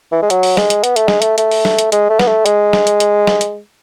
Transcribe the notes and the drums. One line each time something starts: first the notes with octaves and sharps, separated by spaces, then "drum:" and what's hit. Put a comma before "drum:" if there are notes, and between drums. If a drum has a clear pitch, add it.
E3
G#3
F#3, drum: hi-hat
drum: open hi-hat
G#3, drum: snare
drum: hi-hat
B3, drum: hi-hat
A3, drum: hi-hat
G#3, drum: snare
A3, drum: hi-hat
A3, drum: hi-hat
drum: open hi-hat
drum: snare
drum: hi-hat
G#3, drum: hi-hat
A3
B3, drum: snare
A3
G#3, drum: hi-hat
drum: snare
drum: hi-hat
drum: hi-hat
drum: snare
drum: hi-hat